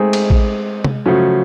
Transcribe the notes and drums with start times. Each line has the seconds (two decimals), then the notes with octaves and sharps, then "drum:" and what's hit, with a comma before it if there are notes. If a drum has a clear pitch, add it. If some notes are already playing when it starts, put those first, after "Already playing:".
Already playing: G#3 A3 C4 D#4 G#4
0.13 drum: cymbal
0.30 drum: kick A1
0.84 drum: tom C3
1.06 C#3 F3 F#3 A3 C#4